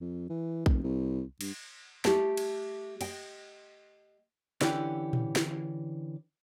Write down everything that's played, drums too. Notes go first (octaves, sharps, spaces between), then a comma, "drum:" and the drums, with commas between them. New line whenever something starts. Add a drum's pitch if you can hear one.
F2
E3
F1, drum: kick A#1
C2
G2, drum: cymbal
A3 G4 A5, drum: snare
drum: cymbal
D#5 G5, drum: cymbal
D3 E3 C#4 G4, drum: snare
drum: tom A#2
drum: snare